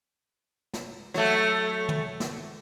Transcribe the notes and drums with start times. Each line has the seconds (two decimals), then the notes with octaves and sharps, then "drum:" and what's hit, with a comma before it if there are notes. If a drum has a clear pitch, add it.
0.74 drum: snare
1.14 F#3 A3, drum: rim click
1.89 drum: tom
2.20 drum: snare